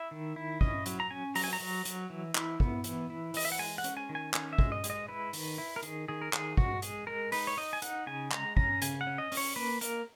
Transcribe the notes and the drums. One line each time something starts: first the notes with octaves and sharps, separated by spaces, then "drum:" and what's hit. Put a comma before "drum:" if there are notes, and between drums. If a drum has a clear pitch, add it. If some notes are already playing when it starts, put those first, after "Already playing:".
Already playing: E4 E5
D#3
E4
C#4 D#5, drum: kick
F#3, drum: hi-hat
A#5
C#4 G#5
F#3 A#5, drum: open hi-hat
G#5
A#5
F#3
F#3, drum: hi-hat
E3
E4, drum: clap
B3, drum: kick
E3, drum: hi-hat
E4
E3 D#5, drum: open hi-hat
E5
F#5
G#3 G#5
F#5
C#4, drum: hi-hat
G#5
D#3
G#5
C#4 G#5, drum: clap
E5
G#3, drum: kick
D#5
G#3, drum: hi-hat
D#5
E4 B4
D#3, drum: open hi-hat
E4
A#4
D#3 G#4, drum: hi-hat
D#3 G#4
A#4
D#3 G#4, drum: clap
G#3 F#4, drum: kick
G#3 G#4, drum: hi-hat
G#3 A#4
D#4 B4, drum: open hi-hat
C#5
D#4 D#5
G#5
D#4 F#5, drum: hi-hat
C#3 G#5
G#3 A#5, drum: clap
C#4 A#5, drum: kick
C#3 G#5, drum: hi-hat
F#5
C#4
D#5
C#4, drum: open hi-hat
C#5
A#3 B4
A#3 A#4, drum: hi-hat